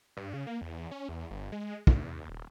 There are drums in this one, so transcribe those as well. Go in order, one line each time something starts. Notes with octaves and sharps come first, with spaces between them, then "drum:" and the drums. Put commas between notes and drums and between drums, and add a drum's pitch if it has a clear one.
G2
C#3
A#3
E2
C#4
E2
G1
G#3
D2, drum: kick
E2
D#2
D#1